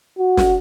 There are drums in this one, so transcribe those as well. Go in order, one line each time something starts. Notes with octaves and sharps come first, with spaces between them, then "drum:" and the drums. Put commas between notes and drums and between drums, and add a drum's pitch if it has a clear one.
F#4
drum: snare